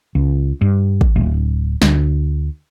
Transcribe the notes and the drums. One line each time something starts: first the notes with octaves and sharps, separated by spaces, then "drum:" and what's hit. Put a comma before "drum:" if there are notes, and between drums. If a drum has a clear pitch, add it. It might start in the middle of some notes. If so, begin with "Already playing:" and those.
C#2
G2
drum: kick
D1
D2, drum: snare